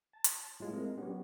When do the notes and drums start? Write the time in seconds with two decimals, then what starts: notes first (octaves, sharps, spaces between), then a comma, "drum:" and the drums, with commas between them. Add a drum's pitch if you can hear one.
0.13 A5
0.24 drum: hi-hat
0.60 A2 G3 G#3 A#3 F4
0.73 C4 A#4
0.98 F#3 B3 C#4 D4 G4